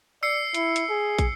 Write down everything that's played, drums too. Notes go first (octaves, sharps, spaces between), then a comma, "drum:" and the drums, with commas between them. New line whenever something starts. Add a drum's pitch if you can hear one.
D5 E6 C7 C#7
E4, drum: hi-hat
drum: hi-hat
G#4
drum: kick, hi-hat